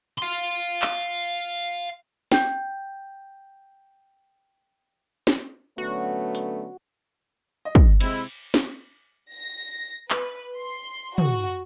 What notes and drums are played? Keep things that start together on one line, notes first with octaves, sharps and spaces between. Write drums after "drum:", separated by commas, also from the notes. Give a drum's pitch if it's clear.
F5 C6
drum: clap
G5 G6, drum: snare
drum: snare
D3 F#3 A3 B3 C#4 F#4
drum: hi-hat
D#5
drum: kick
C3 G#3 C4 E4, drum: cymbal
drum: snare
A#6
B4, drum: clap
C6
F#4, drum: tom